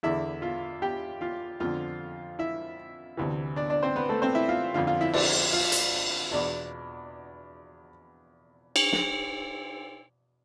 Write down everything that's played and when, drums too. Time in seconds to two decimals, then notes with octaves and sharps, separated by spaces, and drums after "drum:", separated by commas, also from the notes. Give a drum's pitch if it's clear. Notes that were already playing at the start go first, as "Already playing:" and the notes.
0.03 E2 D3 E4 E5
0.42 F4 F5
0.82 G4 G5
1.21 F4 F5
1.60 F2 D3 F4 F5
2.39 E4 E5
3.17 D2 C3 E3
3.56 D4 D5
3.70 D4 D5
3.83 C4 C5
3.96 B3 B4
4.09 A3 A4
4.22 C4 C5
4.35 E4 E5
4.49 F4 F5
4.74 F2 D3 F4 F5
4.87 F4 F5
5.01 E4 E5
5.14 D4 D5, drum: cymbal
5.53 F4 F5
5.72 drum: hi-hat
6.31 E2 B2 D4 D5
8.76 drum: cymbal
8.92 drum: snare